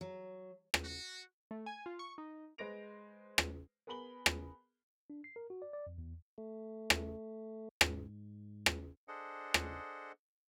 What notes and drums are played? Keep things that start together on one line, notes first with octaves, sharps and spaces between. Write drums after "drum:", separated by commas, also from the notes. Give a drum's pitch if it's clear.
F#3
drum: rim click
F#4
A3
G#5
F4
C#6
D#4
G#3 B4 C5 A#6 D7 F7
drum: rim click
B3 G#4 A#4 B5 F#7 G7
drum: rim click
D4
C7
A#4
F#4
D5
D5
F2
E2
A3
drum: rim click
G#2, drum: rim click
drum: rim click
D4 G#4 A4 C5 D#5 F#5
drum: rim click